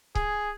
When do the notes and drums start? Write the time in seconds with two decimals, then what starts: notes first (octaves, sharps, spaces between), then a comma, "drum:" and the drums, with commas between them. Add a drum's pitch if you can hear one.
0.15 G#4, drum: kick C#1